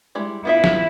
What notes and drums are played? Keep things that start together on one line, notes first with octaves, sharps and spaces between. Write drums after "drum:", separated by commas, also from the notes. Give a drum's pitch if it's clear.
G3 G#3 E4
B3 E4 F4 E5
drum: snare